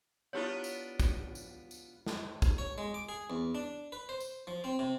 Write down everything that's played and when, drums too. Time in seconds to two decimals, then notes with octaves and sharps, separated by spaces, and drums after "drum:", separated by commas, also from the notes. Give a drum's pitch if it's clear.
0.33 B3 D4 E4 F4 G4 C#5
0.64 drum: tambourine
1.00 drum: kick, tambourine
1.35 drum: tambourine
1.71 drum: tambourine
2.06 drum: snare
2.42 drum: kick, tambourine
2.58 C#5
2.78 G#3
2.94 D6
3.09 G#4
3.30 E2
3.55 D4
3.92 B4
4.09 C5
4.20 drum: tambourine
4.47 F3
4.64 C4
4.79 C3